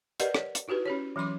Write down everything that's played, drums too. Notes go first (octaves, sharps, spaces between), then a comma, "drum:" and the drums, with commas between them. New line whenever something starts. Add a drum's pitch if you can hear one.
G4 A#4 B4 D5 D#5 F#5, drum: hi-hat
C#5, drum: rim click
drum: hi-hat
D#4 E4 F#4 G4 B4
C#4 G4 C#5
E3 F#3 C#4 C6 D6